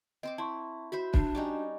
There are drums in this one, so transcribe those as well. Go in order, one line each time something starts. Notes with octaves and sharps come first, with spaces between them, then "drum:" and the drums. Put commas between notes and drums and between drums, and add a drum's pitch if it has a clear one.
C4 D#5 C6 D6
E4 A5 C6 C#6
F#4 C5 E5 B5
D4, drum: kick
G3 C#4 D#4